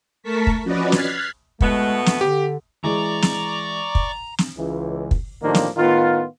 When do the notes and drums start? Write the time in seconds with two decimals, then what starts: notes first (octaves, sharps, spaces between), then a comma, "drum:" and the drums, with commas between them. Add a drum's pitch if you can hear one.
0.23 A3 A#4 A5 C#6 B6
0.47 drum: kick
0.64 F3 C#4 F#4 B4 D5 D#5
0.92 F6 F#6 G#6 A6 B6 C7, drum: snare
1.61 B2 G#3 A3 B3, drum: kick
2.06 drum: snare
2.21 D3 G4
2.84 E3 G#3 D5 A#5 C#6 D6
3.22 drum: snare
3.95 drum: kick
4.38 drum: snare
4.57 C#2 E3
5.11 drum: kick
5.43 A2 D#3 F3 G3 A#3 D4
5.55 drum: snare
5.77 A2 D#3 B3 F4